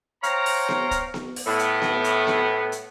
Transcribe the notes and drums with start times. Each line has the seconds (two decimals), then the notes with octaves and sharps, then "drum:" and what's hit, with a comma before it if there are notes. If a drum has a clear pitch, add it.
0.23 C5 C#5 F5 G5 A#5, drum: hi-hat
0.46 drum: open hi-hat
0.69 drum: snare B3
0.91 drum: kick, hi-hat
1.14 drum: snare B3
1.36 drum: open hi-hat
1.47 A2 B3
1.59 drum: hi-hat
1.82 drum: snare B3
2.04 drum: hi-hat
2.27 drum: snare B3
2.72 drum: hi-hat